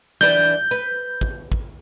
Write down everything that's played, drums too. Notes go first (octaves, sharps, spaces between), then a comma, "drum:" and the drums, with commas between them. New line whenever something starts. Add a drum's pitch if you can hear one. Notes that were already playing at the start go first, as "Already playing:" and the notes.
E3 D4 B4 G6, drum: snare
B4
drum: kick
drum: kick